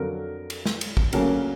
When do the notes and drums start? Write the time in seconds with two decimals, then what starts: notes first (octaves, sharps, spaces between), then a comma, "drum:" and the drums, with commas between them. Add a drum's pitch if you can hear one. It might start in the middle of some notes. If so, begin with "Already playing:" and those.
Already playing: F2 D3 F#3 A#4
0.50 drum: cymbal
0.66 drum: snare
0.81 drum: cymbal
0.97 drum: kick
1.13 D2 C#3 F#3 A#3 C#4 A#4, drum: cymbal